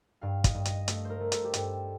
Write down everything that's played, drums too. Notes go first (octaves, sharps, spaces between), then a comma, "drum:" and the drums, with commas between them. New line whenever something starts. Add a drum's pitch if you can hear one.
G2 F5
D#5, drum: kick, hi-hat
G2
D#5, drum: hi-hat
A3, drum: hi-hat
A#4 C5
A3
A4, drum: hi-hat
G4
G2 A4, drum: hi-hat